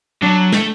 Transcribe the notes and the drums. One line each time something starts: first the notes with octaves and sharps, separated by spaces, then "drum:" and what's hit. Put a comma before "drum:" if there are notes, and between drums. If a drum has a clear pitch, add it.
F#3 D4
A3, drum: snare